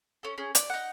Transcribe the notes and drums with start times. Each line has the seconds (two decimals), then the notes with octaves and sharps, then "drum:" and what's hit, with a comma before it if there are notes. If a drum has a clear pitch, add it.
0.23 C#4 A4
0.38 C#4 G#4
0.55 D5, drum: hi-hat
0.70 D#4 F#5